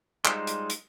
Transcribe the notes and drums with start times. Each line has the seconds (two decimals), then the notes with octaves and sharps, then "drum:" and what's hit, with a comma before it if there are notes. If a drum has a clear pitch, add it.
0.25 G3 G#3 D#4 F4 C5, drum: clap
0.47 drum: hi-hat
0.70 drum: hi-hat